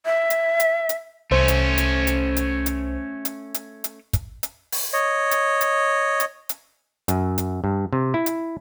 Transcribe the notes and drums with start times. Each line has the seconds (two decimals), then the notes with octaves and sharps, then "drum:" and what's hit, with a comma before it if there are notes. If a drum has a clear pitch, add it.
0.06 E5
0.30 drum: hi-hat
0.60 drum: hi-hat
0.89 drum: hi-hat
1.31 C2 A3 C#4 C5
1.48 drum: hi-hat
1.78 drum: hi-hat
2.07 drum: hi-hat
2.36 drum: hi-hat
2.66 drum: hi-hat
3.25 drum: hi-hat
3.54 drum: hi-hat
3.84 drum: hi-hat
4.13 drum: kick, hi-hat
4.43 drum: hi-hat
4.72 drum: open hi-hat
4.93 C#5 D#5
5.31 drum: hi-hat
5.61 drum: hi-hat
6.20 drum: hi-hat
6.49 drum: hi-hat
7.08 F#2, drum: hi-hat
7.38 drum: hi-hat
7.64 G2
7.93 C3
8.14 E4
8.26 drum: hi-hat